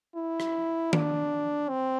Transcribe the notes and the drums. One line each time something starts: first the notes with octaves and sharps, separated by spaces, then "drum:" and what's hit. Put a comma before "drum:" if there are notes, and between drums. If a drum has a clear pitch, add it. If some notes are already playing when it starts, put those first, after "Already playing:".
E4
drum: rim click
D4, drum: tom D#3
C4